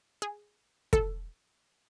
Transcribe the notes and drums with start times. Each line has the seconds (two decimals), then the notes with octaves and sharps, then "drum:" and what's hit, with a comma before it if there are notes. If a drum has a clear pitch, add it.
0.22 G#4
0.93 A4, drum: kick